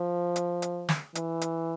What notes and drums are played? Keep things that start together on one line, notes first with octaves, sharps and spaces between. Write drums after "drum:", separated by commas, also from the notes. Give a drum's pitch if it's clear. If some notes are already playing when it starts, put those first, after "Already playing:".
Already playing: F3
drum: hi-hat
drum: hi-hat
drum: snare
E3, drum: hi-hat
drum: hi-hat